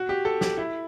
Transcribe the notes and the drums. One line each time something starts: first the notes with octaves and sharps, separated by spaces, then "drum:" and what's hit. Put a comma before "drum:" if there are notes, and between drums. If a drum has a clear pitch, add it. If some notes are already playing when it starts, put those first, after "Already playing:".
Already playing: F#4
G4
A4
G4, drum: snare
E4